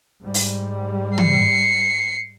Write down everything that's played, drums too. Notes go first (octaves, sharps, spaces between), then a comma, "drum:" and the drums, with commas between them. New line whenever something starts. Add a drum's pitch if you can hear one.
G#2 G3
drum: open hi-hat
C7 C#7, drum: tom